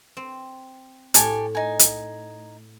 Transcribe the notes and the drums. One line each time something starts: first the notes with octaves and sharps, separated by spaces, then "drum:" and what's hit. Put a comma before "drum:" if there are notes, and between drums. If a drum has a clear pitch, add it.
C4
A2 G4 A4 G#5, drum: hi-hat
D#4 G#5
drum: hi-hat